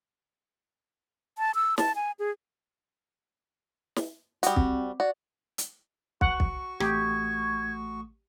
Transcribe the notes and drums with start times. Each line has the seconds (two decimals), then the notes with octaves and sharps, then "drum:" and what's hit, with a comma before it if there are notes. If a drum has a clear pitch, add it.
1.38 A5
1.55 E6
1.78 A5, drum: snare
1.95 G#5
2.19 G#4
3.96 drum: snare
4.43 G3 F#4 D#6, drum: hi-hat
4.56 C4, drum: kick
5.00 F#4 D5
5.58 drum: hi-hat
6.21 F#4 F#5 C#6, drum: kick
6.40 drum: kick
6.80 A1 A3 G4 D#6 G#6, drum: rim click